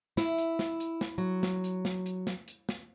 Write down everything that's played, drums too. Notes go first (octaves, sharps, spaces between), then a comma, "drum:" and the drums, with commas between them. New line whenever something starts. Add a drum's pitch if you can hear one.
E4, drum: snare
drum: hi-hat
drum: snare
drum: hi-hat
drum: snare
F#3
drum: snare
drum: hi-hat
drum: snare
drum: hi-hat
drum: snare
drum: hi-hat
drum: snare